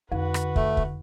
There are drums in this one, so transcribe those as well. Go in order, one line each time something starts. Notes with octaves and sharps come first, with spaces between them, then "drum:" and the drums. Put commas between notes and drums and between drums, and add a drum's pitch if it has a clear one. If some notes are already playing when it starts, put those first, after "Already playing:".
F2 D3 F#4 B4
drum: rim click
A3, drum: kick
drum: kick